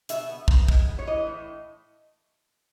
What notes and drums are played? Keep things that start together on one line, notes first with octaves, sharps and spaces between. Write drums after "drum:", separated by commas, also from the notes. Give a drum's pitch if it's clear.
B2 E5, drum: hi-hat
B3
C#3, drum: kick
G#3, drum: kick
B3
C#5
E3 D#5
A2